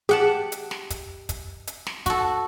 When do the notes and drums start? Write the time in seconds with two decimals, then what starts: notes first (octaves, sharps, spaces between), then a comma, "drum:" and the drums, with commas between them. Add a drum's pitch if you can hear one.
0.09 G4 G#4 F#5 A5
0.52 drum: hi-hat
0.71 drum: snare
0.90 drum: kick, hi-hat
1.29 drum: kick, hi-hat
1.67 drum: hi-hat
1.87 drum: snare
2.06 F#4 A4, drum: kick, hi-hat